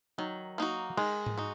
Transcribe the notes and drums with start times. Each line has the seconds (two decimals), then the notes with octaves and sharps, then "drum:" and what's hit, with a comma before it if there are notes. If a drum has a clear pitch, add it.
0.18 D#3 F#3
0.58 A#3 D#4 F#4
0.97 D#3 G#3, drum: cymbal
1.26 drum: tom G#2
1.38 D#4 F#4